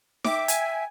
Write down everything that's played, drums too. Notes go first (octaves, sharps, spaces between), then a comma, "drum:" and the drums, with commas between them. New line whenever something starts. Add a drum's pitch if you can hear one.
E5 G5 D6, drum: snare D#4
G#5, drum: hi-hat